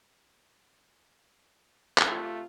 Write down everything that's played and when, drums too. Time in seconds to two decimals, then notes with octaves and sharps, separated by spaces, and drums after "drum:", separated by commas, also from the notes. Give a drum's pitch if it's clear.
1.98 drum: clap
2.10 C3 A3 F4